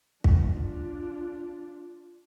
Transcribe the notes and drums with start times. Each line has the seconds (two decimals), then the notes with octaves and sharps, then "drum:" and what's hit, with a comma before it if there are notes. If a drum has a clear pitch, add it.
0.24 D4 F4, drum: kick